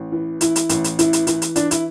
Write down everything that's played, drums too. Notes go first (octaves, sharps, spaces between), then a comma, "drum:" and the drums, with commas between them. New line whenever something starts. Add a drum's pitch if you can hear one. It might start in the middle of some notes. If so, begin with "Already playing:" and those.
Already playing: A1
E3
E3 E4, drum: hi-hat
drum: hi-hat
A1, drum: hi-hat
drum: hi-hat
E3 E4, drum: hi-hat
drum: hi-hat
E3, drum: hi-hat
drum: hi-hat
E3 D4, drum: hi-hat
E4, drum: hi-hat